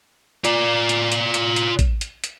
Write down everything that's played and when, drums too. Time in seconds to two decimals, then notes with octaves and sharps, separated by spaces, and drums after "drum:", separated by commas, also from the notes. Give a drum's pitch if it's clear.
0.44 F4 D5, drum: hi-hat
0.89 drum: hi-hat
1.12 drum: hi-hat
1.34 drum: hi-hat
1.56 drum: hi-hat
1.79 drum: kick, hi-hat
2.01 drum: hi-hat
2.24 drum: hi-hat